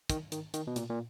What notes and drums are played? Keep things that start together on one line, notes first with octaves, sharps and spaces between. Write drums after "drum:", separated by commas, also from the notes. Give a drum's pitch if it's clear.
D#3, drum: kick, hi-hat
D#3, drum: hi-hat
D#3, drum: hi-hat
B2
A#2, drum: hi-hat
A#2